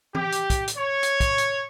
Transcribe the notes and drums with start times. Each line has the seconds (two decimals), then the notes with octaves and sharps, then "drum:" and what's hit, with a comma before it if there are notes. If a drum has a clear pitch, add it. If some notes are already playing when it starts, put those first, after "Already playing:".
0.15 G4, drum: tom
0.32 drum: hi-hat
0.50 drum: kick, hi-hat
0.68 drum: hi-hat
0.77 C#5
1.03 drum: hi-hat
1.20 drum: kick, hi-hat
1.38 drum: hi-hat